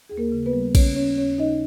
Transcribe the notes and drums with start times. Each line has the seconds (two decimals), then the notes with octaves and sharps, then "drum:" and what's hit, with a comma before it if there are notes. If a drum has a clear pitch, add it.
0.09 D#2 G#4
0.17 A#3 A#4
0.32 C#3
0.46 B3 B4
0.53 G3
0.75 C#3 C#4 C#5, drum: kick A#1, cymbal
0.96 D#2 C#4 C#5
1.17 D#2 C#4 C#5
1.38 C#3 D#4 D#5